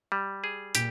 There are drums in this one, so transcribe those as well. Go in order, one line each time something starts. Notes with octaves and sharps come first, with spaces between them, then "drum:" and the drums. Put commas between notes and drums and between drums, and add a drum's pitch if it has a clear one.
G3
G#4
A#2 G4, drum: hi-hat